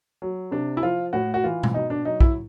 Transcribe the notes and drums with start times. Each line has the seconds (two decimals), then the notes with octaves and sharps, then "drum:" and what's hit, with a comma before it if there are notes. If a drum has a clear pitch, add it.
0.22 F#3
0.51 C3 D4
0.77 E4
0.83 F3 F4
1.13 A2 F#4
1.34 F#4
1.44 E3 F4
1.63 drum: tom B2
1.74 B2 D#4
1.90 D4
2.05 F#3 D#4
2.20 E4, drum: kick